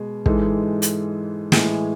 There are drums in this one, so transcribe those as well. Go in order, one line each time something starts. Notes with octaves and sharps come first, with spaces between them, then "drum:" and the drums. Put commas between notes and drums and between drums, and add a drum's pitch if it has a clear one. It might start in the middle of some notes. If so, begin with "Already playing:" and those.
Already playing: B2 G#3
G#2 E3 G#3 A4, drum: kick
drum: hi-hat
A2 E3 G#3 G#4, drum: snare